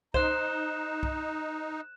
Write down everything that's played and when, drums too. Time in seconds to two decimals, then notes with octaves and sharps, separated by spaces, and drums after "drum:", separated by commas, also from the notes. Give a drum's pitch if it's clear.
0.14 D#4 C5 F#6 E7, drum: kick C2
1.03 drum: kick C2